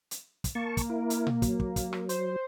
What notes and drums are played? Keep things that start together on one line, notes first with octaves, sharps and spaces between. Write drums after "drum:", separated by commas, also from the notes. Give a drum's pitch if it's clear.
drum: hi-hat
drum: kick, hi-hat
A#3 A5 C#6
drum: kick, hi-hat
E4 A#4
drum: hi-hat
drum: tom A#2
F#3, drum: kick, hi-hat
drum: kick
drum: kick, hi-hat
drum: rim click
C5, drum: hi-hat